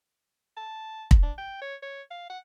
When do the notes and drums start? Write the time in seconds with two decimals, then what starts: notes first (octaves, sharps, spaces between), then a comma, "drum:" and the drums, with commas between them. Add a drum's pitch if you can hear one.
0.57 A5
1.11 drum: kick
1.22 D4
1.38 G5
1.61 C#5
1.82 C#5
2.10 F5
2.30 F#5